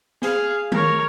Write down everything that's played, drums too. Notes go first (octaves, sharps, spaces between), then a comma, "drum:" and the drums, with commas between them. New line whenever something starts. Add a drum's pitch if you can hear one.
G#4 F5, drum: snare
A#4 C#5, drum: tom D#3